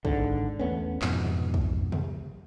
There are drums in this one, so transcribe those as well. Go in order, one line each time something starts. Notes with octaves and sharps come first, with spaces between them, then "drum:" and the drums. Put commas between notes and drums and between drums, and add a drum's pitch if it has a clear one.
G#1 G#2 D3, drum: kick
E2 A3 B3 C#4
F2 G#2 B2, drum: clap
drum: tom B2
drum: kick
drum: tom C3